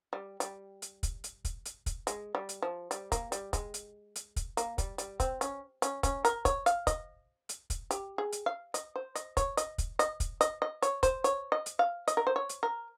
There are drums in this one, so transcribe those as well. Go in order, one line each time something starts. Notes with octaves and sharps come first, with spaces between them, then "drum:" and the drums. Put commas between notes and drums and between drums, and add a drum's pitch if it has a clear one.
G3
G3, drum: hi-hat
drum: hi-hat
drum: kick, hi-hat
drum: hi-hat
drum: kick, hi-hat
drum: hi-hat
drum: kick, hi-hat
G#3, drum: hi-hat
G3
drum: hi-hat
F3
G3, drum: hi-hat
A#3, drum: kick, hi-hat
G3, drum: hi-hat
G#3, drum: kick, hi-hat
drum: hi-hat
drum: hi-hat
drum: kick, hi-hat
A#3, drum: hi-hat
G3, drum: kick, hi-hat
G3, drum: hi-hat
C4, drum: kick, hi-hat
C#4, drum: hi-hat
C#4, drum: hi-hat
C#4, drum: kick, hi-hat
A#4, drum: hi-hat
C#5, drum: kick, hi-hat
F5, drum: hi-hat
D#5, drum: kick, hi-hat
drum: hi-hat
drum: kick, hi-hat
G4, drum: hi-hat
G#4
drum: hi-hat
F5
D#5, drum: hi-hat
C5
D#5, drum: hi-hat
C#5, drum: kick, hi-hat
D#5, drum: hi-hat
drum: kick, hi-hat
D#5, drum: hi-hat
drum: kick, hi-hat
D#5, drum: hi-hat
D#5
C#5, drum: hi-hat
C5, drum: kick, hi-hat
C#5, drum: hi-hat
D#5
drum: hi-hat
F5
D#5, drum: hi-hat
A#4
C5
C#5
drum: hi-hat
A#4